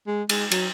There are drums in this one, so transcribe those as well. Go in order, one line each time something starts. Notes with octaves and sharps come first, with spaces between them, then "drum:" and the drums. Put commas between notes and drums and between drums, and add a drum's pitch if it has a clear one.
G#3
G#3, drum: cymbal
F#3, drum: cymbal